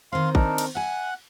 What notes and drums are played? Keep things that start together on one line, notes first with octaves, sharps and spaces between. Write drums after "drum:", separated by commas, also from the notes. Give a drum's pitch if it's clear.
D#3 C4 F5 C6
D4 D#4 A#4, drum: kick
drum: cymbal
E5 F#5 G#5 F#6